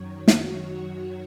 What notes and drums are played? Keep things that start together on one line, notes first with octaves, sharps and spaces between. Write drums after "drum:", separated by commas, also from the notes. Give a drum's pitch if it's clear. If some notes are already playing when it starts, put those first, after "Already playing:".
Already playing: F#2 D#3 F#3 C#5
F#4, drum: snare